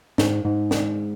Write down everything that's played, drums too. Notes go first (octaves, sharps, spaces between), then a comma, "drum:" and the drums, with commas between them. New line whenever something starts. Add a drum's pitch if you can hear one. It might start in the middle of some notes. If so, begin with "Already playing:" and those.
G#2, drum: snare
G#2
drum: snare